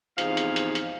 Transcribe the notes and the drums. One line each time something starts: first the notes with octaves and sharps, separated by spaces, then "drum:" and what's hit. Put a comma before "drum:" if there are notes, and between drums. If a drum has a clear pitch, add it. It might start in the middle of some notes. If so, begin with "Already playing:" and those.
E2 G#2 C3 F3 F5, drum: hi-hat
drum: hi-hat
drum: hi-hat
drum: hi-hat